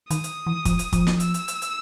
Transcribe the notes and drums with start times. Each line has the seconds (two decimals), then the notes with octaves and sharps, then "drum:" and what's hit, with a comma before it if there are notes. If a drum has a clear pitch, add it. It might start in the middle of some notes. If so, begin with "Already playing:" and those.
0.11 D#3 D#6, drum: hi-hat
0.24 drum: hi-hat
0.47 E3
0.65 F3, drum: kick, hi-hat
0.79 drum: hi-hat
0.93 F3, drum: kick, hi-hat
1.07 drum: snare
1.20 E6, drum: hi-hat
1.34 drum: hi-hat
1.48 drum: hi-hat
1.62 drum: hi-hat